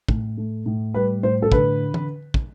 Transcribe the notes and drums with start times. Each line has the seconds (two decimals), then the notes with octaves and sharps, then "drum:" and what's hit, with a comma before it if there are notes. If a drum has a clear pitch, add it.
0.09 A2, drum: kick
0.37 A3
0.66 A2
0.94 G3 B4
1.23 A2 C5
1.42 A4
1.52 D3 B4, drum: kick
1.94 drum: tom
2.34 drum: kick